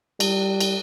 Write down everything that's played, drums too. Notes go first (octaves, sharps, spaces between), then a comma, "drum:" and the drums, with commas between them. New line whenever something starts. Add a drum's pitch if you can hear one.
G3, drum: cymbal
drum: cymbal